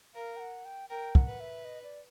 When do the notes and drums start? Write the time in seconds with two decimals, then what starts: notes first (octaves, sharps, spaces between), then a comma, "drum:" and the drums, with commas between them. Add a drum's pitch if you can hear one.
0.14 A#4 F5
0.36 G5
0.40 F#5
0.65 G5
0.89 A#4 G5
1.15 F#5, drum: kick
1.27 B4
1.40 E5
1.65 D#5
1.83 D5